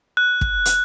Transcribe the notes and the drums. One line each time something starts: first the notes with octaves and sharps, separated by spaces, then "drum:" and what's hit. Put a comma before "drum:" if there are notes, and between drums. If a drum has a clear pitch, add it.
F#6
drum: kick
drum: hi-hat